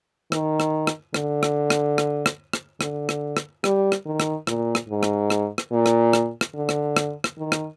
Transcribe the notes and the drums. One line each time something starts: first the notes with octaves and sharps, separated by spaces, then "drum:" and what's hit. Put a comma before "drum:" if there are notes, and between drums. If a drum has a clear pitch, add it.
D#3, drum: rim click
drum: rim click
drum: rim click
D3, drum: rim click
drum: rim click
drum: rim click
drum: rim click
drum: rim click
drum: rim click
D3, drum: rim click
drum: rim click
drum: rim click
G3, drum: rim click
drum: rim click
D#3
drum: rim click
A#2, drum: rim click
drum: rim click
G#2
drum: rim click
drum: rim click
drum: rim click
A#2
drum: rim click
drum: rim click
drum: rim click
D3
drum: rim click
drum: rim click
drum: rim click
D#3
drum: rim click